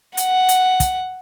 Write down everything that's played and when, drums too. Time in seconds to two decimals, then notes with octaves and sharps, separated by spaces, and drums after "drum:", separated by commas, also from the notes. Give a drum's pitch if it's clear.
0.17 F#5, drum: hi-hat
0.49 drum: hi-hat
0.80 drum: kick, hi-hat